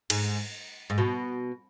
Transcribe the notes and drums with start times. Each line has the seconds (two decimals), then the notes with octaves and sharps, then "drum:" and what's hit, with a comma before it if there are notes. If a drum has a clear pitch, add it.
0.10 G#2, drum: cymbal
0.90 G#2
0.98 B2